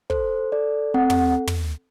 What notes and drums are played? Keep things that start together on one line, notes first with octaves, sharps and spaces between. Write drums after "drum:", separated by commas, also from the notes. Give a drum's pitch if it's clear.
A4 C5, drum: kick
A4 D5
C4 F#5
drum: tom
drum: tom